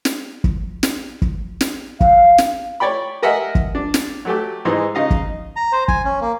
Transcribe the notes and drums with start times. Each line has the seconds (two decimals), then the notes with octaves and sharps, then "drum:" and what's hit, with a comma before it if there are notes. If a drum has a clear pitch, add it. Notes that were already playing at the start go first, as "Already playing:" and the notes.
0.05 drum: snare
0.44 drum: kick
0.83 drum: snare
1.22 drum: kick
1.61 drum: snare
2.01 F5, drum: kick
2.38 drum: snare
2.80 C#5 D5 G5 B5
3.22 A#4 D#5 E5 F#5 G#5
3.55 drum: kick
3.75 D4
3.94 drum: snare
4.25 F#3 A3 G4
4.65 G#2 E3 G#3 D#4
4.95 C#3 D#4 D#5 F5
5.11 drum: kick
5.56 A#5
5.72 C5
5.88 G#5, drum: kick
6.05 C#4
6.21 A#3